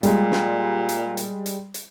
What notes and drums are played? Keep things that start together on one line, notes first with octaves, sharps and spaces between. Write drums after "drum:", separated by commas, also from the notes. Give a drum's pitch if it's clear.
A#2 G3 G#3, drum: hi-hat
drum: snare
drum: hi-hat
drum: hi-hat
drum: hi-hat
drum: hi-hat